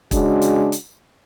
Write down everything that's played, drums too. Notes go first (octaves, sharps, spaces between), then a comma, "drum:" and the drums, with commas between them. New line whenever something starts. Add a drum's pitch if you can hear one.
C#3 G#3 D4 F#4, drum: kick, hi-hat
drum: hi-hat
drum: hi-hat